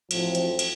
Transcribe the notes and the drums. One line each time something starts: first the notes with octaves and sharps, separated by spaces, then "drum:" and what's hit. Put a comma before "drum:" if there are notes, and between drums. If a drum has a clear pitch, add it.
A1 A2 F3 F#3 C4, drum: cymbal
drum: cymbal
drum: cymbal